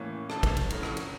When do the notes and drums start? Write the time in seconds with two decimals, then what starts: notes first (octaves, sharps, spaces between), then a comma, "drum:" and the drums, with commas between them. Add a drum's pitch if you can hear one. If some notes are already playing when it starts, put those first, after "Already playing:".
Already playing: A2 E3 A#3 C#4
0.30 A4, drum: rim click
0.43 drum: kick, cymbal
0.57 drum: cymbal
0.70 F2 D3 A3 C#4 E4 A#4, drum: cymbal
0.83 drum: rim click
0.97 drum: cymbal